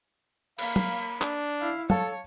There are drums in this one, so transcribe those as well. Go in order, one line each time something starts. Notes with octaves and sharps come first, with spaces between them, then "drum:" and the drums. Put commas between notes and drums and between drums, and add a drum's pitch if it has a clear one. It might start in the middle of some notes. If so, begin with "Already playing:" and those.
A#3 F5 B5, drum: cymbal
drum: tom F#3
D4, drum: clap
E4 F5
A4 C#5 F5 A5, drum: tom F#3